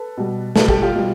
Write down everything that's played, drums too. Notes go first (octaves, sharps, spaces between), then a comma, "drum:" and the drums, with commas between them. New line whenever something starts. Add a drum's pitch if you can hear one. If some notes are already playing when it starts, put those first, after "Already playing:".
Already playing: A4 B4
B2 G3
B2 G3 A4 B4, drum: snare
G4 A4, drum: kick
F4 G4
B2 G3